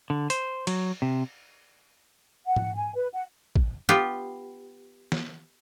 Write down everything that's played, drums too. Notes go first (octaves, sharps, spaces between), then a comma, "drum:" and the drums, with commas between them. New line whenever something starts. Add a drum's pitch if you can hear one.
D3
C5, drum: hi-hat
F#3, drum: cymbal
C3
F#5
drum: tom
G#5
B4
F#5
drum: kick
B3 F4 G4
drum: snare